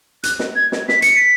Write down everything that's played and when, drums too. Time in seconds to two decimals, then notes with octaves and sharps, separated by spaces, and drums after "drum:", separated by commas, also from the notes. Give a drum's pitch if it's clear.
0.23 F#6, drum: hi-hat
0.39 drum: snare
0.56 G#6
0.72 drum: snare
0.89 B6, drum: snare
1.02 C#7, drum: hi-hat
1.16 B6